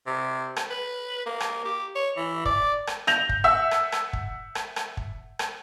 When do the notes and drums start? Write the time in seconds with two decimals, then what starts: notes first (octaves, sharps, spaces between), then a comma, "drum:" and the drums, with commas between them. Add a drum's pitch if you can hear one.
0.07 C3
0.56 drum: rim click
0.70 B4
1.26 A#3
1.40 drum: rim click
1.65 G4
1.95 C#5
2.17 E3
2.45 D5, drum: kick
2.87 drum: rim click
3.07 G6 A#6 F7, drum: rim click
3.29 drum: kick
3.44 E5 F#5 E6
3.71 drum: rim click
3.92 drum: rim click
4.13 drum: kick
4.55 drum: rim click
4.76 drum: rim click
4.97 drum: kick
5.39 drum: rim click